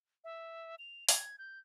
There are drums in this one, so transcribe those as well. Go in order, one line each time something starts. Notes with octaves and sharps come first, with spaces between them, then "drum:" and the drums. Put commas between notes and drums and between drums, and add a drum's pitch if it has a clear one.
E5
F7
G#6, drum: open hi-hat
G6